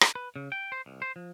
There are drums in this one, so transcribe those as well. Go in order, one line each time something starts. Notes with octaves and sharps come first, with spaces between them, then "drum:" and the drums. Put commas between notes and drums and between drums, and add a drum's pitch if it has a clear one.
drum: rim click
B4
C#3
G5
C5
C2
C5
F3